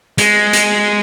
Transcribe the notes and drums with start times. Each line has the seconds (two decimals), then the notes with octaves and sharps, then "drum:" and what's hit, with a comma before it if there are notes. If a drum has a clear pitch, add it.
0.18 G#3, drum: hi-hat
0.53 drum: hi-hat